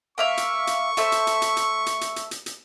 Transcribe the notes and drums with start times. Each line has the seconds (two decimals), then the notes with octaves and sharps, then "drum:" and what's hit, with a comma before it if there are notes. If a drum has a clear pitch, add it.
0.18 A#3 E5 F5 C#6
0.37 drum: hi-hat
0.67 drum: hi-hat
0.97 A3 C5 E5, drum: hi-hat
1.12 drum: hi-hat
1.27 drum: hi-hat
1.42 drum: hi-hat
1.57 drum: hi-hat
1.86 drum: hi-hat
2.01 drum: hi-hat
2.16 drum: hi-hat
2.31 drum: hi-hat
2.46 drum: hi-hat